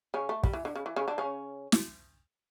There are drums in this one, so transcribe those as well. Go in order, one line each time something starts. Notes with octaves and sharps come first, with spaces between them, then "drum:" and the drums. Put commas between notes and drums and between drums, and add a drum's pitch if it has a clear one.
C#3 C#4
A3
G3, drum: kick
E3
D3
C#3
E3
C#3 C#4
D3 D4
C#3 C#4
drum: snare